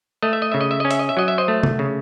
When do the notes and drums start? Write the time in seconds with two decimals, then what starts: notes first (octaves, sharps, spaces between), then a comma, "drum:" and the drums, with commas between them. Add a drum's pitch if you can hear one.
0.22 A3 D#5
0.33 E5
0.42 D#5
0.52 C#3 E5
0.61 D#5
0.71 E5
0.80 C#4 D#5
0.91 E5, drum: hi-hat
0.99 D#5
1.09 E5
1.17 F#3 D#5
1.28 E5
1.38 C5 D#5
1.48 A3
1.63 drum: tom C3
1.79 C#3